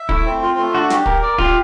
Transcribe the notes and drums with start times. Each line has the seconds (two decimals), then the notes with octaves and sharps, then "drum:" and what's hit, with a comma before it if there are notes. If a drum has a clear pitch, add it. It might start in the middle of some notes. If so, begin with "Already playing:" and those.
Already playing: E5
0.09 A3 E4, drum: kick
0.25 C4
0.42 F4
0.58 A3
0.73 D4 F#4
0.90 G4, drum: snare
1.06 A#4, drum: kick
1.23 D5
1.38 F4 G4, drum: kick